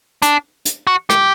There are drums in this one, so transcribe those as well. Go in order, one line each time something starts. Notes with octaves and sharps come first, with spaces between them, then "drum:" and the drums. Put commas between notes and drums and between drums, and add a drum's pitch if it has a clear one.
D4, drum: hi-hat
drum: hi-hat
F#4
G4, drum: rim click